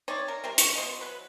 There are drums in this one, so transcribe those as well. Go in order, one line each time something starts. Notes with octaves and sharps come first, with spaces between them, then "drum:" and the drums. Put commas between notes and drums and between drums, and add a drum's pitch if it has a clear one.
C4 D#4 C#5 D5
A#4
G3 C4 A#4
C#6, drum: hi-hat
B2 C5 D#5
F#3 B4